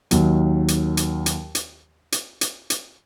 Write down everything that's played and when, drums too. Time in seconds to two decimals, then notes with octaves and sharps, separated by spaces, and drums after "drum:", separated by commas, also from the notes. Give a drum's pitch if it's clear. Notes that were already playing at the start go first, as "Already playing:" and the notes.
0.11 D#2 D#3 F#3, drum: hi-hat
0.68 drum: hi-hat
0.97 drum: hi-hat
1.26 drum: hi-hat
1.55 drum: hi-hat
2.12 drum: hi-hat
2.41 drum: hi-hat
2.70 drum: hi-hat